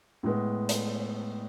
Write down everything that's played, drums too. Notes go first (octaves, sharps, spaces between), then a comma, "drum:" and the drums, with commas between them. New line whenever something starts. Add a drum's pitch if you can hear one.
A2 G#3 B3
drum: hi-hat